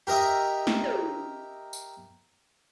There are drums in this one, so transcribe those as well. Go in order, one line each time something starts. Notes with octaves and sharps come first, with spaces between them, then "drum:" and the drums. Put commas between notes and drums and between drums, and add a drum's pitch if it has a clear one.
G4 A#4 D#5 E5 A#5
drum: snare
drum: tom
drum: tambourine